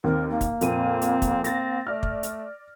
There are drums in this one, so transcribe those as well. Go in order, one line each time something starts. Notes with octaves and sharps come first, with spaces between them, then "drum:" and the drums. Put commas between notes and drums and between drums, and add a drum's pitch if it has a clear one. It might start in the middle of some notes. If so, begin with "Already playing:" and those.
D#2 C4 A#4
A#3
drum: kick, hi-hat
F2 A#2 C4 D#7, drum: hi-hat
drum: hi-hat
drum: kick, hi-hat
C4 A6 A#6, drum: hi-hat
A3 D5 F6
drum: kick
drum: hi-hat